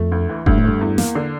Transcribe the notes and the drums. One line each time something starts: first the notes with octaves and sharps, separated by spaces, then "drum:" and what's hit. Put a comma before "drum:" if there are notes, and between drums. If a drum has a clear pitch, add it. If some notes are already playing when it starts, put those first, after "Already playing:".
Already playing: F2 A3
D2
E3
D2 G2, drum: kick F1
A2
G2 A3
E2
A#3, drum: snare
D3